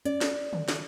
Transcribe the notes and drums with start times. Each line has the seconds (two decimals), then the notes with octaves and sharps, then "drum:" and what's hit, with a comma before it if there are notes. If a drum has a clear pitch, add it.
0.05 C#4 D5, drum: hi-hat
0.21 drum: snare
0.53 drum: tom
0.68 drum: snare